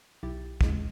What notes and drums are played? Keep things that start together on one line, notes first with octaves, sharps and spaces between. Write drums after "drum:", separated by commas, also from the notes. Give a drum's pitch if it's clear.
B1 E4 G4 A6
D#2 C#3 G#3, drum: kick